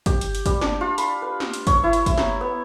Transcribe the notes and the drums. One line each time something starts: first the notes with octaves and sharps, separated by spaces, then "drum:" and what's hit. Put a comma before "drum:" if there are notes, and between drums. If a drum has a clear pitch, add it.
G4, drum: kick, hi-hat
drum: hi-hat
drum: hi-hat
G3, drum: kick, hi-hat
D4, drum: snare
F4
B5, drum: hi-hat
B4
drum: snare
drum: hi-hat
C#5, drum: kick, hi-hat
E4
drum: hi-hat
drum: kick, hi-hat
A#5, drum: snare
B3